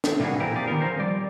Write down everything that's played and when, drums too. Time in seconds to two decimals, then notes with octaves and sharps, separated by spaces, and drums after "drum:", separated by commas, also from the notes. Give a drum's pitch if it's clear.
0.04 drum: snare
0.20 C3 G3 A#3 B3 F#4 G#4
0.40 A#2 E3 C4 G4 A#4
0.55 G4 G#4 A#4 D5
0.68 A#2 D#3 B3 A#4
0.81 F3 C4 A#4 C5
0.99 G3 D5